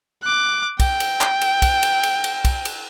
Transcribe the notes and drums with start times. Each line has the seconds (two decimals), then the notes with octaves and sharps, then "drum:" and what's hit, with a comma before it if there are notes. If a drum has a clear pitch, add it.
0.23 D6 F#6
0.80 G5, drum: kick, cymbal
1.00 drum: cymbal
1.21 drum: clap
1.41 drum: cymbal
1.62 drum: kick, cymbal
1.83 drum: cymbal
2.03 drum: cymbal
2.24 drum: cymbal
2.45 drum: kick, cymbal
2.65 drum: cymbal